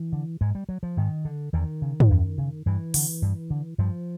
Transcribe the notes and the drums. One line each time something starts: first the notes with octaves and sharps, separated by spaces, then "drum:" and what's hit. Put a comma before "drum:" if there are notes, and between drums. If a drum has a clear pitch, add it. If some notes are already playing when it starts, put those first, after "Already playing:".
Already playing: E3
D3
G#2 G#3
G3
F#3
F3
G#2 D#3
D3
E2 D#3
C#3
drum: tom
E2
C#3
G2 E3
D3, drum: open hi-hat
G2
D3
G2 F3